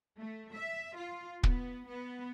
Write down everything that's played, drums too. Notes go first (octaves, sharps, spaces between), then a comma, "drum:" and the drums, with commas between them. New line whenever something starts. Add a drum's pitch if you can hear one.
A3
E5
F4
B3, drum: kick
B3